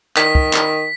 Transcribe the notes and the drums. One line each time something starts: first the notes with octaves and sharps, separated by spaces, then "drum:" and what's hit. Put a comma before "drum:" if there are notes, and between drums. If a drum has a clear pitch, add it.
D#3 B6, drum: clap
drum: kick
drum: clap